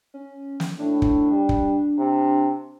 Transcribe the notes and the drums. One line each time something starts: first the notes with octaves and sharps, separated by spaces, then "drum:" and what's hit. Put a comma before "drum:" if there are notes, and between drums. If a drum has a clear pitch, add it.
C#4
drum: snare
A2 D4
drum: kick
G3
drum: kick
C3